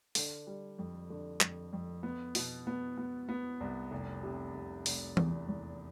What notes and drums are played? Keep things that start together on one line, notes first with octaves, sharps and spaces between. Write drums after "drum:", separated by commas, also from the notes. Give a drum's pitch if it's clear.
D3, drum: open hi-hat
G3
F2
D3
F2, drum: clap
F2
B3
B2, drum: open hi-hat
B3
B3
B3
C2
F1
C3
F1
F1, drum: open hi-hat
E2, drum: tom E3
E2